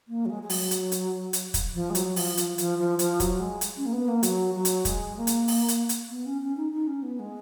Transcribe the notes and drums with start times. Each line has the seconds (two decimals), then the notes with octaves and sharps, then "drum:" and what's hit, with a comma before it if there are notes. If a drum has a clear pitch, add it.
0.08 A#3
0.26 F#3
0.30 G#3
0.43 G#3
0.50 F#3, drum: open hi-hat
0.71 drum: hi-hat
0.92 drum: hi-hat
1.33 drum: hi-hat
1.54 drum: kick, hi-hat
1.74 F3
1.90 G#3
1.95 F#3, drum: hi-hat
2.16 F3, drum: open hi-hat
2.37 F3, drum: hi-hat
2.58 F3, drum: hi-hat
2.78 F3
2.99 F3, drum: hi-hat
3.20 F#3, drum: kick, hi-hat
3.40 G#3
3.61 drum: hi-hat
3.77 C#4
3.86 A#3
3.93 B3
4.08 A#3
4.23 F#3, drum: hi-hat
4.55 F#3
4.65 drum: hi-hat
4.85 G#3, drum: kick, hi-hat
5.17 A#3
5.27 drum: hi-hat
5.48 drum: open hi-hat
5.68 drum: hi-hat
5.89 drum: hi-hat
6.10 B3
6.26 C#4
6.42 C#4
6.57 D#4
6.73 D#4
6.87 C#4
7.03 B3
7.19 G#3